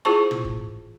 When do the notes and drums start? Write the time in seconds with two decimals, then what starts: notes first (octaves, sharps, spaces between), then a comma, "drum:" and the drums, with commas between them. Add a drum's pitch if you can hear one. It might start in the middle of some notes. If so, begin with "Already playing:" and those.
0.05 E4 F4 G#4 C5 A5 C#6
0.31 drum: tom
0.45 drum: kick